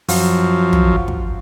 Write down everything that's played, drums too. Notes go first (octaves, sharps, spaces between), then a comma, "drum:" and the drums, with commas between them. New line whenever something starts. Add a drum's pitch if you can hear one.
F#2 F3, drum: open hi-hat
drum: tom
drum: kick